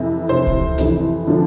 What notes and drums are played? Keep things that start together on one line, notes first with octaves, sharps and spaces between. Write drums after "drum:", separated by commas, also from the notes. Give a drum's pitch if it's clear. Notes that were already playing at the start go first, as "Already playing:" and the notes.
Already playing: F2 C3 E3
F2 C3 E3 C5
drum: kick C#2
F2 C3 E3, drum: hi-hat
D3 F3